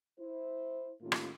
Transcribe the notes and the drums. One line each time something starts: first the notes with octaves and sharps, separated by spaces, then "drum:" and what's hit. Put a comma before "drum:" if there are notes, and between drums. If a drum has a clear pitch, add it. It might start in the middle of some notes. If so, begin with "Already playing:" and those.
E4 C5
A2 D#3 A#3 C#4 F4 G4
drum: rim click